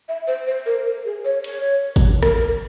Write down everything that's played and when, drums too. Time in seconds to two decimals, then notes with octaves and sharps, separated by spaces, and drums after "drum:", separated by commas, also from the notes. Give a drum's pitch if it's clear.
0.09 E5
0.27 C5
0.47 C5
0.66 A#4
0.86 A#4
1.05 G#4
1.25 C#5
1.44 C#5, drum: hi-hat
1.96 drum: kick G#1, hi-hat
2.23 A#4, drum: rim click
2.41 A#4